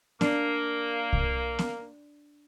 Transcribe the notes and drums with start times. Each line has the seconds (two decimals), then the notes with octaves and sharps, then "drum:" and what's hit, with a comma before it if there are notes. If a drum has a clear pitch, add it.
0.21 A#3 D4, drum: snare B3
1.13 drum: kick C2
1.59 drum: snare B3